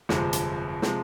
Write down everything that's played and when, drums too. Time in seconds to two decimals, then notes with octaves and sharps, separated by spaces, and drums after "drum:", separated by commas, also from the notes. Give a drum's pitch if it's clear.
0.09 G1 F2 C3 F3 G#3, drum: snare
0.33 drum: hi-hat
0.82 C3 F3 G#3, drum: snare